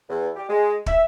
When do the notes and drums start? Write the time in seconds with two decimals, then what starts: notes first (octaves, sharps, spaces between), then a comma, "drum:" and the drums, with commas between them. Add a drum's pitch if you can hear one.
0.09 E2
0.35 G4
0.49 G#3
0.86 E5, drum: kick